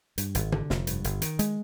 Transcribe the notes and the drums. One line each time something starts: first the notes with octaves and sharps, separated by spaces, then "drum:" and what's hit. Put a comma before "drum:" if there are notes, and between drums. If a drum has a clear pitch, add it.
G2, drum: hi-hat
G#1, drum: hi-hat
D3, drum: tom
F1, drum: snare
G2, drum: hi-hat
G1, drum: hi-hat
D#3, drum: hi-hat
G#3, drum: hi-hat